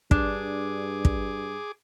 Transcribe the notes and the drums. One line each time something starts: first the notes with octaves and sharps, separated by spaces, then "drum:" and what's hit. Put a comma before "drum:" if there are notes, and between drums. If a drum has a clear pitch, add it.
G2 D4 G#4 D6, drum: kick
drum: kick